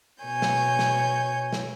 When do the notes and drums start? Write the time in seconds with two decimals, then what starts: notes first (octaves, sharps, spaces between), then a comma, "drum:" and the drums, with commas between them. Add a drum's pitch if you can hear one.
0.24 B2 C#5 G#5 G6
0.42 drum: snare
0.79 drum: snare
1.53 drum: snare